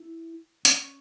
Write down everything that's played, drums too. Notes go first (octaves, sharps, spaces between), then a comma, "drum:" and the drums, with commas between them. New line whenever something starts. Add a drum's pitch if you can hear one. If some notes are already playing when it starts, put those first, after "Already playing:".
Already playing: E4
C#4, drum: hi-hat